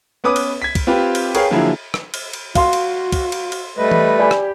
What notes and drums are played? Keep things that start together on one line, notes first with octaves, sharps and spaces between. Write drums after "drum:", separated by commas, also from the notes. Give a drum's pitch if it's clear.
B3 C#4 B4 D6 D#6
drum: cymbal
G#6 B6
drum: kick, cymbal
C4 F4 G4 B4
drum: cymbal
G#4 A#4 B4 C#5 F5 G5, drum: cymbal
D3 F3 F#3 A#3 E4 G#4
drum: rim click
drum: cymbal
drum: cymbal
F#4 F5 C6, drum: kick, cymbal
drum: cymbal
drum: kick, cymbal
drum: cymbal
drum: cymbal
G3 A3 B4 D#5
drum: tom E3
G4 D5 G#5 B5
drum: rim click